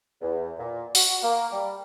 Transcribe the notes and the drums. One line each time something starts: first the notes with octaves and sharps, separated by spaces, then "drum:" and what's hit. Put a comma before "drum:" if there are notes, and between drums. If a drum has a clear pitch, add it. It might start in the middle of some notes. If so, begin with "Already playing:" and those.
E2
A#2
F#4, drum: open hi-hat
A#3
G3